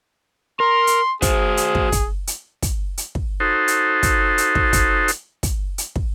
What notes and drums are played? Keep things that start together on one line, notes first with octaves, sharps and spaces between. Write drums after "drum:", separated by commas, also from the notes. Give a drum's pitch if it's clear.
A#4 C6
drum: hi-hat
F#4 G#4 C5, drum: kick, hi-hat
drum: hi-hat
drum: kick
drum: kick, hi-hat
drum: hi-hat
drum: kick, hi-hat
drum: hi-hat
drum: kick
D#4 F#4 A4 C5
drum: hi-hat
drum: kick, hi-hat
drum: hi-hat
drum: kick
drum: kick, hi-hat
drum: hi-hat
drum: kick, hi-hat
drum: hi-hat
drum: kick